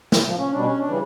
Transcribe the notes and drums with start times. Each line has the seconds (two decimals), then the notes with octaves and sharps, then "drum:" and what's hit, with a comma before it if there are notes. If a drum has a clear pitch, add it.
0.12 drum: snare
0.22 A#2 F3
0.38 C#4
0.52 B2 G3 D4
0.65 C#4
0.79 D4
0.88 C#3 E3 G3